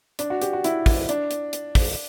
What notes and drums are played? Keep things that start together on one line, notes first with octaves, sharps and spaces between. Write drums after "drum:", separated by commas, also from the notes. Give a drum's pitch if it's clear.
D4, drum: hi-hat
F#4
G4, drum: hi-hat
F#4
E4, drum: hi-hat
drum: kick, open hi-hat
D4, drum: hi-hat
drum: hi-hat
drum: hi-hat
drum: kick, open hi-hat